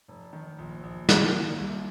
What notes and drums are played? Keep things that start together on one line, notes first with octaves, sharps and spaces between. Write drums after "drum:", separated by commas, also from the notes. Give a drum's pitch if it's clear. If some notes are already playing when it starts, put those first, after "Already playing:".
F1
D#3
A#1
A#1
D#3, drum: snare
A#3
C2